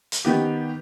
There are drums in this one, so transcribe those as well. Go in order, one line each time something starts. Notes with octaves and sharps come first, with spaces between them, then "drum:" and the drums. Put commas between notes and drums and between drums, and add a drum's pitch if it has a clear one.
drum: hi-hat
D#3 B3 G4